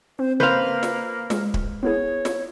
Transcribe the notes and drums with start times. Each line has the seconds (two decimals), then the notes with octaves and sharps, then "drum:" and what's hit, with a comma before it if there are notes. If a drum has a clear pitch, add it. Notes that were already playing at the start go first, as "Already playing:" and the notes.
0.19 C4 C5
0.40 C#3 A#3 B4 C5 F5
0.83 drum: snare
1.30 G#3, drum: snare
1.54 drum: kick
1.83 B3 E4 G#4 C#5
2.25 drum: snare